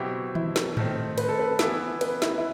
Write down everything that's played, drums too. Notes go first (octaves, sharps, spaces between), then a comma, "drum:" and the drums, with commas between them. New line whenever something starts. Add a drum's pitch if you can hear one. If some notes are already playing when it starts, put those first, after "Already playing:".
Already playing: B2 F#3 C4 E4 G4
E4, drum: tom
drum: snare
D#3 A3 C4, drum: tom G#2
B4, drum: cymbal
A4
B4
E3 B3 E4, drum: snare
B4, drum: cymbal
E4, drum: snare
E4